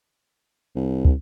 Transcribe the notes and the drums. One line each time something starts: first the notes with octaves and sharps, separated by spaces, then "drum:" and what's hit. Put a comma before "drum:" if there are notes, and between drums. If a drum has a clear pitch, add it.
C2
drum: kick